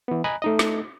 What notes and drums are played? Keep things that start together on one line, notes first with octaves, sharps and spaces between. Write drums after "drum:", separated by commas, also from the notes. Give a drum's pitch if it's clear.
E3 B3
D#5 G#5 A#5 B5 F#6
A3 D#4 D#5
drum: snare